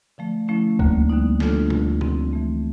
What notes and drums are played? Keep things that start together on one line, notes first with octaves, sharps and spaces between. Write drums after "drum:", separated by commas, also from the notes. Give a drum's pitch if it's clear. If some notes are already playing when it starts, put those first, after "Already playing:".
D3 F3 A3
F3 A3 C#4 E4
D2 D3 G3 A#3, drum: kick B1
D3 G3 B3 D#4
F3 A3 D4 F4 A4, drum: snare
D2 D3 F3 A3, drum: tom
F3 A3 C4, drum: tom
E3 A3 C4